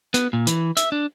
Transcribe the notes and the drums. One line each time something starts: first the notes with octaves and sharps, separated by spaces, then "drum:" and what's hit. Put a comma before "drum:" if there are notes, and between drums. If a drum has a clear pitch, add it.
B3, drum: hi-hat
A#2
E3, drum: hi-hat
E5, drum: hi-hat
D4